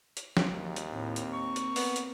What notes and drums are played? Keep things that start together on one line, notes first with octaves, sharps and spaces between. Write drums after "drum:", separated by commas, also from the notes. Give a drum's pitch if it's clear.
drum: hi-hat
drum: snare
D#2
drum: hi-hat
A2 A#3 C4
drum: hi-hat
C#6
drum: hi-hat
B3, drum: open hi-hat
drum: hi-hat